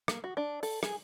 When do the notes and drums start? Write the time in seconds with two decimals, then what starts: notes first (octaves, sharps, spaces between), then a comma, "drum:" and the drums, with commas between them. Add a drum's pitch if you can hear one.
0.08 A#3, drum: rim click
0.24 F#4
0.37 D4
0.63 A4, drum: open hi-hat
0.83 G#4, drum: rim click